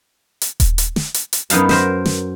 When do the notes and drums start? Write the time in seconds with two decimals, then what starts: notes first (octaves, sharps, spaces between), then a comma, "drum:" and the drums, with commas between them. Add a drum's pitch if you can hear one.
0.42 drum: hi-hat
0.60 drum: kick D#1, hi-hat
0.78 drum: hi-hat
0.96 drum: snare
1.14 drum: hi-hat
1.33 drum: hi-hat
1.50 F#2 B3 D#4 F5 A5, drum: hi-hat
1.69 A#4 C5 E5, drum: snare
2.06 drum: snare